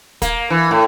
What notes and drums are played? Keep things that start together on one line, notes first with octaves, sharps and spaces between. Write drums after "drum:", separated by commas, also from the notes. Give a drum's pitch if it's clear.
A#3, drum: kick, hi-hat
E3
A2